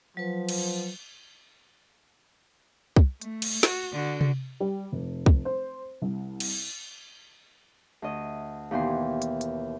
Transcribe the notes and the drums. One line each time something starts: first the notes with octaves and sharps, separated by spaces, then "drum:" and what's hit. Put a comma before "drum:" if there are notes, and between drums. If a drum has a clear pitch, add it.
F3 F#3 B4
drum: cymbal
drum: kick
A3, drum: hi-hat
drum: cymbal
F#4, drum: snare
D3 F#4
drum: tom C3
G3
F1
drum: kick
C5
C2
drum: cymbal
D2 D#5
D#2 B2 E3 G5 C6
drum: hi-hat
drum: hi-hat